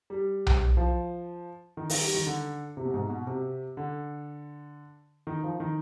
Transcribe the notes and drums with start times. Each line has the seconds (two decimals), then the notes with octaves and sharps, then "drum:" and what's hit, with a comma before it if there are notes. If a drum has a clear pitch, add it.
0.10 G3
0.47 drum: tom B1
0.77 F3
1.77 D#3
1.90 D#3, drum: open hi-hat
2.02 G3
2.14 D#3
2.27 D3
2.77 C3
2.85 B2
2.94 G#2
3.10 B2
3.27 C3
3.77 D3
5.27 D#3
5.44 F3
5.60 D#3